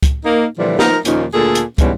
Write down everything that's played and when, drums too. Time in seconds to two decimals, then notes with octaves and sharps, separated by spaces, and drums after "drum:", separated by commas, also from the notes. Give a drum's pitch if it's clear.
0.03 drum: kick, hi-hat
0.24 A#3 D#4
0.58 A#2 D3 E3 F3 G3
0.79 F3 D#4 A#4, drum: snare
1.05 D#2 A#2 F3 C#4 D#4, drum: hi-hat
1.33 D2 A#2 G#4 A4
1.55 drum: hi-hat
1.78 G#2 B2 E3 G3 C#4, drum: kick, hi-hat